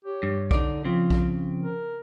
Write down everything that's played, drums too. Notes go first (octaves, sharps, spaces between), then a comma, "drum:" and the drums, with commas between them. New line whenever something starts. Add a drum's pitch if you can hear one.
G4 C#5
G2
D3 D#4 D5, drum: kick B1
C#3 F3 C4 F4
drum: kick B1
A#4